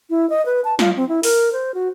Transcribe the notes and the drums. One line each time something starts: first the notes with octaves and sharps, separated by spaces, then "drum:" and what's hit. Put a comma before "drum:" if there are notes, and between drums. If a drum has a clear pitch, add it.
E4
D#5
B4
A5
F4, drum: snare
C4
E4
A#4, drum: open hi-hat
C5
F#4